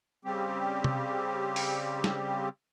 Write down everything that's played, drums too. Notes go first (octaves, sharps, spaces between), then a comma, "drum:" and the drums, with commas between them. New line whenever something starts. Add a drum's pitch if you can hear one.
C#3 G3 C4 G4
drum: tom C3
drum: open hi-hat
drum: snare